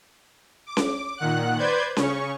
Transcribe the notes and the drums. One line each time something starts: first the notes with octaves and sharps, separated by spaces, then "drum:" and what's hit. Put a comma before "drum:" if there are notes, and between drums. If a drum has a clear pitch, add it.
D6
drum: snare C#4
A#2 D#3 F#5 F#6
B4 C5 D5 G6 G#6
C#3 C#4 C#6, drum: snare C#4